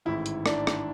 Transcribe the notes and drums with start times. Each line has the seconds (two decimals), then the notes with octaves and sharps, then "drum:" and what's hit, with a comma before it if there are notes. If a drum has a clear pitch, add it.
0.05 A1 G#2 D#3 E4
0.26 drum: hi-hat
0.46 D4, drum: rim click
0.67 D4, drum: rim click